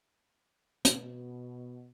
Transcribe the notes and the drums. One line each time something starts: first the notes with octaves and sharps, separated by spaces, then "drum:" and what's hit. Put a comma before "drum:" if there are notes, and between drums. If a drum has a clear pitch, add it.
B2, drum: hi-hat